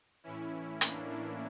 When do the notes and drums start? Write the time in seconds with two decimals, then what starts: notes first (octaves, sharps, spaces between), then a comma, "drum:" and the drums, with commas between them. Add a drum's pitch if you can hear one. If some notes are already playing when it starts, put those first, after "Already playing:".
0.23 A2 E3 C#4 E4
0.81 A#3 D4, drum: hi-hat
1.10 A#3 D4